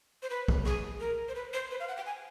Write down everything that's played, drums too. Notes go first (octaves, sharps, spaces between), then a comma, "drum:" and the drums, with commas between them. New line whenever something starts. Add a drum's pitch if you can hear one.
C5
B4
drum: kick
G#4, drum: rim click
A#4
C5
B4
C5
B4
F5
F#5
G5
G#5